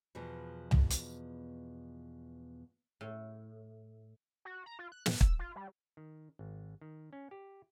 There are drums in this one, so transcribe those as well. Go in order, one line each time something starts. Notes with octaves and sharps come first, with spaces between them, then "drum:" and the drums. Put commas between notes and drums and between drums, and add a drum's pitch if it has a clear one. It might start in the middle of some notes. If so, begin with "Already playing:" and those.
E2 B2 F3
drum: tom
drum: hi-hat
A2
F#4
A#5
F4
F#6
F#6, drum: snare
E6, drum: kick
F4
G3
D#3
G#1
D#3
C#4
G4